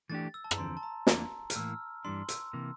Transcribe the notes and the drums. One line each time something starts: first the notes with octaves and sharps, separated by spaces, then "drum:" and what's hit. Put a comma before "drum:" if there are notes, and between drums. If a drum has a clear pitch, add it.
E3 A3 D4 G4 A6
E6
A5
A#5, drum: rim click
E2 D3 F3 C4 C6
A5
A#5
E2 E3 A#3 D4 F4 A#5, drum: snare
F6, drum: hi-hat
A2 E3 A#3 E6
G2 E3 G3 D4 C6
E6, drum: hi-hat
C3 E3 A#3